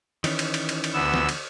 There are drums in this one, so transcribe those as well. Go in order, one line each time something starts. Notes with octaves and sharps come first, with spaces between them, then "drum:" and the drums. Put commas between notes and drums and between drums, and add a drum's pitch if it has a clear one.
D#3 E3 C#4, drum: cymbal
drum: cymbal
drum: cymbal
drum: cymbal
drum: cymbal
D2 B3 E6
drum: snare
drum: cymbal